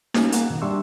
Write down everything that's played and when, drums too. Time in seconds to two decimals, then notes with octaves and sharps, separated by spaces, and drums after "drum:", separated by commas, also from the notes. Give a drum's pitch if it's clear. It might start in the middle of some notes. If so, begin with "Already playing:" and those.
0.14 A#3 B3 C#4 F#4 G#4 G#5, drum: snare D#4
0.32 A#3 F#5 A#5, drum: hi-hat
0.50 F#2 A#2 D#3
0.62 G3 D4 E5 C6 C#6 E6